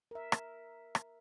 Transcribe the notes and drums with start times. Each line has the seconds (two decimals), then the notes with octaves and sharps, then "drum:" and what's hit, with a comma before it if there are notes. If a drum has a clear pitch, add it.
0.11 A#4 E5
0.32 drum: rim click
0.95 drum: rim click